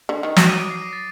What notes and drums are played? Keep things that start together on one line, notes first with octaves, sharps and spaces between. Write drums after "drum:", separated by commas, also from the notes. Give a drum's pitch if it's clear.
D3
D#3
F#3 D6 D7, drum: snare
D#6 D#7
D6 D7
C7
A#6
A6